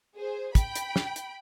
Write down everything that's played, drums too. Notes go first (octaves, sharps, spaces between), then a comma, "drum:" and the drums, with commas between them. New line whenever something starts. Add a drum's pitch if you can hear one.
G#4 C5
G5 B5, drum: kick, hi-hat
drum: hi-hat
drum: snare
drum: hi-hat